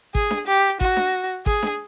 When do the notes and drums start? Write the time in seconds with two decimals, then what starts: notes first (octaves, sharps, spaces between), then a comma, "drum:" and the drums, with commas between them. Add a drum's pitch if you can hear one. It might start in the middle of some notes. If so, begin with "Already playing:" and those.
0.15 G#4, drum: kick
0.31 drum: snare D4
0.47 G4
0.81 F#4, drum: kick
0.97 drum: snare D4
1.46 G#4, drum: kick
1.63 drum: snare D4